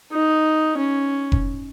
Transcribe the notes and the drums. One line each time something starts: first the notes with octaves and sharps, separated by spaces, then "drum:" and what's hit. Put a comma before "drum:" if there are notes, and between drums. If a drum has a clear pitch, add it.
D#4
C#4
drum: kick F1